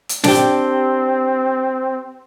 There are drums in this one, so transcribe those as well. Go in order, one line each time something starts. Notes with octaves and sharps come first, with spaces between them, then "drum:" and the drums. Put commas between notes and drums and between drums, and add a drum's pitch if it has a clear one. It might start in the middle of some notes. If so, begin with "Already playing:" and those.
drum: hi-hat
C4 D4 G4, drum: snare